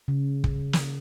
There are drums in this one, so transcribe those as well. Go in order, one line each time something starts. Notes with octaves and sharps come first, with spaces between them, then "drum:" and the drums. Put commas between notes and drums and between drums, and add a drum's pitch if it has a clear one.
C#3
drum: kick
drum: snare